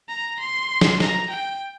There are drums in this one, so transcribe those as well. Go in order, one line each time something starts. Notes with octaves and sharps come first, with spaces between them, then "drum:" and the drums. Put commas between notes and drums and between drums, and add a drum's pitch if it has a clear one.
A#5
C6
drum: snare
A#5, drum: snare
G5